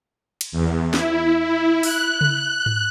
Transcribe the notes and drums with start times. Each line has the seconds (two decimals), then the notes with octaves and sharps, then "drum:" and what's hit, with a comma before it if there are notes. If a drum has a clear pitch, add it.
0.41 drum: cymbal
0.52 E2
0.94 E4, drum: snare
1.40 E4
1.83 F#6, drum: open hi-hat
2.21 drum: tom C#3
2.66 drum: tom G#2